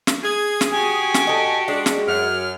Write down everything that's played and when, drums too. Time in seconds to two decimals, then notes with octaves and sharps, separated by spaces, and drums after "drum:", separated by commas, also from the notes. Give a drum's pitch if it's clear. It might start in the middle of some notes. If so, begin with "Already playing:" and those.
0.07 drum: snare
0.24 G#4 G#6
0.61 drum: snare
0.72 F#4 G4 G#5
1.14 drum: snare
1.27 A4 D#5
1.68 G#3 D4
1.86 drum: snare
2.08 F#2 F6